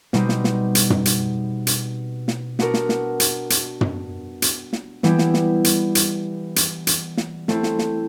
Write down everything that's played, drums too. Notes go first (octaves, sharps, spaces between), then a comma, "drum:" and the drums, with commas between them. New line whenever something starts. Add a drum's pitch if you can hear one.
B2 G3 C4 D#4 G4, drum: snare
drum: snare
drum: snare
drum: hi-hat
drum: tom
drum: hi-hat
drum: hi-hat
drum: snare
B3 D4 F#4 A#4, drum: snare
drum: snare
drum: snare
drum: hi-hat
drum: hi-hat
drum: tom
drum: hi-hat
drum: snare
E3 G3 B3 E4 G4, drum: snare
drum: snare
drum: snare
drum: hi-hat
drum: hi-hat
drum: hi-hat
drum: hi-hat
drum: snare
A3 C4 E4, drum: snare
drum: snare
drum: snare